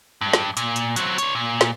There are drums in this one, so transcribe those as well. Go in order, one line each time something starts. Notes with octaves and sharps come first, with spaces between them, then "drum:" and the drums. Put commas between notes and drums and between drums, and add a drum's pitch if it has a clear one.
G2
drum: snare
A#2, drum: hi-hat
drum: hi-hat
F#3 C4, drum: hi-hat
D4 C#5, drum: hi-hat
A#2
drum: snare